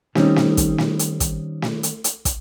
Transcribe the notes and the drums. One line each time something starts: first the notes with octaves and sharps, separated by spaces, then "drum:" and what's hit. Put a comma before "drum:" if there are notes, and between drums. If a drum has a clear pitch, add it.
D#3 G3 C4 C#4 D#4, drum: snare
drum: snare
drum: kick, hi-hat
drum: snare
drum: hi-hat
drum: kick, hi-hat
drum: snare
drum: hi-hat
drum: hi-hat
drum: kick, hi-hat